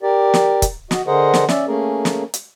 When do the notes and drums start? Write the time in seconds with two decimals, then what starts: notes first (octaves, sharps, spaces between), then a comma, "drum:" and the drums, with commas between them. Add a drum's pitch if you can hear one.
0.03 G4 A#4 D5
0.34 drum: snare
0.62 drum: kick, hi-hat
0.91 F#4 D#5, drum: snare
1.07 D3 G#4 A#4 C5 D#5 F#5
1.34 drum: snare
1.49 C#4 D5 E5, drum: snare
1.68 A3 A#3 C#4 G#4 A#4
2.05 drum: snare
2.34 drum: hi-hat